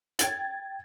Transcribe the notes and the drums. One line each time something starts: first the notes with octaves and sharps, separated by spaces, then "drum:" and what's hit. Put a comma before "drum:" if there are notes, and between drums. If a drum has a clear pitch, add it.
G5 G#6 A6, drum: hi-hat